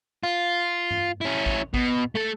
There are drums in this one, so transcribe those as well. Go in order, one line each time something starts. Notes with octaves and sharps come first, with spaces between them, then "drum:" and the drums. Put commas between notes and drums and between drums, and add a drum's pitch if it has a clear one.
F4
drum: tom G2
C#4 E4
drum: kick
B2, drum: kick
A3 A4